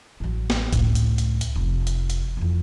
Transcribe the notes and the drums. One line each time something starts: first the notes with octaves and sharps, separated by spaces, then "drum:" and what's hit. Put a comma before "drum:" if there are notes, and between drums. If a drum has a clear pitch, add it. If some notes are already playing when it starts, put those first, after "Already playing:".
A1 F#3
drum: snare
C#2 A2, drum: kick G1, hi-hat
drum: hi-hat
drum: hi-hat
drum: hi-hat
F1
drum: hi-hat
drum: hi-hat
F2 E3